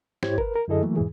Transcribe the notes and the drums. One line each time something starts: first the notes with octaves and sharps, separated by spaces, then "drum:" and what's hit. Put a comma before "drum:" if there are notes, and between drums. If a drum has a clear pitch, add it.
G#2 E4 G4 C5 C#5 G#6, drum: snare
A#4 B4, drum: kick G1
A#4
F#2 D3 E4 G#4 A4 D#5
E3 F#3 A3 A#3
E2 G#2 B2 E3 G#4